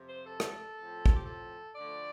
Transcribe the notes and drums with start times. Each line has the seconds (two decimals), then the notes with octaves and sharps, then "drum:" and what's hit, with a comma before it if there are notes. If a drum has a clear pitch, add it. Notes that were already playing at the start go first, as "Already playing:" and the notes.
Already playing: F2 C3 F3
0.09 C5
0.26 A4
0.40 drum: rim click
0.75 A2 F3 C4
1.06 drum: kick
1.15 G4
1.26 A4
1.75 D2 D3 F3 A3 D5